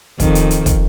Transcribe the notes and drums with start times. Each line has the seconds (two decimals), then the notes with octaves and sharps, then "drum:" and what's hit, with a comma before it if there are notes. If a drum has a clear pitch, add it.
0.20 F2 D#3, drum: kick, hi-hat
0.35 drum: hi-hat
0.51 drum: hi-hat
0.66 drum: kick, hi-hat